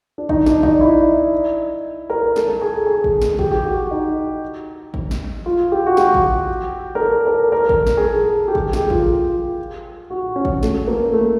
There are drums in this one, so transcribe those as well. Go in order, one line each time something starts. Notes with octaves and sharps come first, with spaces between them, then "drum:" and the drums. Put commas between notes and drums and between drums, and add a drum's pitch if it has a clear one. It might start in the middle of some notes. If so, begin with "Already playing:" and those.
D4
D#4, drum: kick G#1
D4, drum: snare
D#4, drum: kick G#1
E4
A#4
A4, drum: snare
G#4
A4
G#4
drum: kick G#1
drum: snare
G4, drum: kick G#1
G4
F#4
D#4
drum: kick G#1
drum: snare
F4
G4
F#4
G4, drum: snare
drum: kick G#1
A#4
A4
A#4
A#4
drum: kick G#1
drum: snare
G#4
A4
G4
G#4, drum: kick G#1
G4, drum: snare
F4, drum: kick G#1
F4
F#4
C#4
drum: kick G#1
A3, drum: snare
A#3
A3